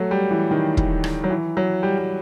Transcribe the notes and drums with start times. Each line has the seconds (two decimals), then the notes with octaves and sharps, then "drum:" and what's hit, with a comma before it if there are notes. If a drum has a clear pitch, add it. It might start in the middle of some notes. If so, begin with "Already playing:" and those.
Already playing: F#3 A3
0.11 G3
0.31 E3
0.51 D#3
0.77 drum: kick
1.04 drum: rim click
1.24 F#3
1.30 E3
1.57 F#3
1.83 G3
1.98 G3